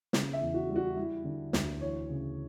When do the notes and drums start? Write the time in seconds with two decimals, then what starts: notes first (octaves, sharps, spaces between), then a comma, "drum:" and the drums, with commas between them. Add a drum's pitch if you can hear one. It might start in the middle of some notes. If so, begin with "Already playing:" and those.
0.13 C#3, drum: snare
0.33 E5
0.40 E2
0.54 F#4
0.69 G3
0.76 F#4
0.96 G3 E4
1.24 D3
1.53 D2, drum: snare
1.81 E3 C#5
2.09 C#3